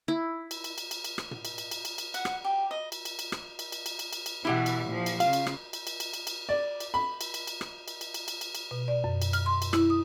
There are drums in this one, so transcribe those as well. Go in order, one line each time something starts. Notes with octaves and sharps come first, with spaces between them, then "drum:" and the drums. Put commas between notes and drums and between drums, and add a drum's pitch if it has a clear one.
E4
drum: cymbal
drum: cymbal
drum: cymbal
drum: cymbal
drum: cymbal
drum: rim click
drum: tom
drum: cymbal
drum: cymbal
drum: cymbal
drum: cymbal
drum: cymbal
F#5, drum: cymbal
drum: rim click
G4
D#5
drum: cymbal
drum: cymbal
drum: cymbal
drum: rim click
drum: cymbal
drum: cymbal
drum: cymbal
drum: cymbal
drum: cymbal
drum: cymbal
B2 E3 E4 G4 F#5
drum: cymbal
A#2 F3
drum: cymbal
C#3 F4 F5, drum: cymbal
drum: cymbal
drum: rim click
drum: cymbal
drum: cymbal
drum: cymbal
drum: cymbal
drum: cymbal
D5
drum: cymbal
B5
drum: cymbal
drum: cymbal
drum: cymbal
drum: rim click
drum: cymbal
drum: cymbal
drum: cymbal
drum: cymbal
drum: cymbal
drum: cymbal
B2
D5
F#2
drum: cymbal
F6, drum: cymbal
C6
drum: cymbal
E4, drum: rim click
D#6